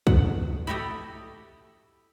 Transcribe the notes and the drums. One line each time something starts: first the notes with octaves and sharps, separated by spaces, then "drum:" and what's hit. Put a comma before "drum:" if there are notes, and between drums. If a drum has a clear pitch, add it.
F#5, drum: kick
E4 F#4 G4 A4 D#5